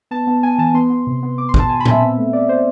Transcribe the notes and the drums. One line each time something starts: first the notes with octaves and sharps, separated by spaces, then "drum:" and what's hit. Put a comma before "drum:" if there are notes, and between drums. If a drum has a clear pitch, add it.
B3 A5
B3
B3 G#5
E3 A5
B3 C6
B3
C3
B3
B3 D6
C6
B2, drum: kick
A5
B2 G#5
B5
B3, drum: tom A#2
E5
C4
A3
A3 D5
C4 C5